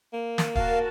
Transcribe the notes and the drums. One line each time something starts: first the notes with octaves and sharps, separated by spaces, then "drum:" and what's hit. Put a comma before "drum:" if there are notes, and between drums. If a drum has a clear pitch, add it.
A#3
drum: snare
F#4 A#4 F5 A5, drum: kick